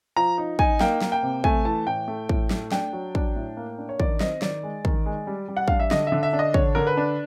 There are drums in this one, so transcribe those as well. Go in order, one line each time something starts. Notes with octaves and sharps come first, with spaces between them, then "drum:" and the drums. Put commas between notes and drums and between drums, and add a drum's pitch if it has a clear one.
F3 A#5
D#4
D#4 G#5, drum: kick
A#3 G5, drum: snare
A#3, drum: snare
G5
C3
A3 G#5, drum: kick
E3 A5
A2 G5
A3
A2, drum: kick
A3, drum: snare
D4 G5, drum: snare
F#3
D4, drum: kick
A2
A#3
D4
C#5
D#3 D5, drum: kick
C4 D#5, drum: snare
D#3 D5, drum: snare
G#3
D#3, drum: kick
G#3
G3
G3
F#5
D4 F5, drum: kick
E5
D3 D#5, drum: snare
D3 E5
E5
D4
D#5
D3 C#5, drum: kick
D3 A#4
B4
D4